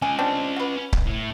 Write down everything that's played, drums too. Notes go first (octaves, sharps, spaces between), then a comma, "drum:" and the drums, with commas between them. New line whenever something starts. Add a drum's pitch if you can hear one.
C#4 D#5 G#5
G3 C4 D4
F#4 B4
drum: kick C#1
A2